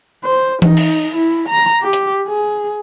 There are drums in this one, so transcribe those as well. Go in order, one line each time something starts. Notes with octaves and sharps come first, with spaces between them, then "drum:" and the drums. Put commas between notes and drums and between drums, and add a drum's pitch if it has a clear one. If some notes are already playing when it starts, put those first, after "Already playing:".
C5
D#4, drum: tom E3
drum: cymbal
E4
A#5
G4
drum: hi-hat
G#4